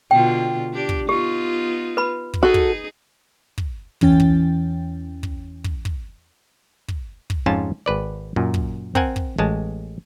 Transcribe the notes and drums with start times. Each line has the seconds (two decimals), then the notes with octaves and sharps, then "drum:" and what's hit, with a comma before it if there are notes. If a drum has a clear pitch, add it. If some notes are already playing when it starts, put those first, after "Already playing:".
0.11 B2 D3 F4 G5
0.73 D4 G4
0.89 drum: kick
1.09 B3 D#4 F4 G4
1.97 B4 B5
2.34 drum: kick
2.43 D#4 F#4 G#4 A4
2.54 drum: kick
3.58 drum: kick
4.01 E2 E3 C#4 G5 A6, drum: kick
4.20 drum: kick
5.23 drum: kick
5.64 drum: kick
5.85 drum: kick
6.88 drum: kick
7.30 drum: kick
7.46 F2 G#2 C#4 F4 A5
7.86 G#1 B4 D5
8.36 F#2 A#2
8.54 drum: kick
8.95 C4 A#4 F#5 G#5, drum: kick
9.16 drum: kick
9.38 A1 G#3 A5